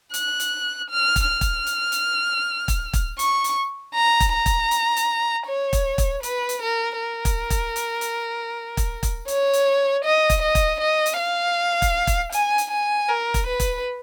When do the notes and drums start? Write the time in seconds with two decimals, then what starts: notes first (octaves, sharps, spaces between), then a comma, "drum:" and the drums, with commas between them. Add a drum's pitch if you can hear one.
0.14 F#6, drum: hi-hat
0.40 drum: hi-hat
0.90 F6
1.16 drum: kick, hi-hat
1.29 F6
1.41 drum: kick, hi-hat
1.67 drum: hi-hat
1.92 drum: hi-hat
2.68 drum: kick, hi-hat
2.93 drum: kick, hi-hat
3.19 C#6, drum: hi-hat
3.44 drum: hi-hat
3.95 A#5
4.20 drum: kick, hi-hat
4.33 A#5
4.46 drum: kick, hi-hat
4.71 drum: hi-hat
4.97 drum: hi-hat
5.47 C#5
5.73 drum: kick, hi-hat
5.98 drum: kick, hi-hat
6.23 B4, drum: hi-hat
6.49 drum: hi-hat
6.62 A#4
7.00 A#4
7.25 drum: kick, hi-hat
7.50 drum: kick, hi-hat
7.76 drum: hi-hat
8.01 drum: hi-hat
8.77 drum: kick, hi-hat
9.03 drum: kick, hi-hat
9.28 C#5, drum: hi-hat
9.53 drum: hi-hat
10.04 D#5
10.30 drum: kick, hi-hat
10.42 D#5
10.55 drum: kick, hi-hat
10.80 D#5
11.06 drum: hi-hat
11.18 F5
11.82 drum: kick, hi-hat
12.07 drum: kick, hi-hat
12.32 G#5, drum: hi-hat
12.58 drum: hi-hat
12.71 G#5
13.09 A#4
13.34 drum: kick, hi-hat
13.47 B4
13.60 drum: kick, hi-hat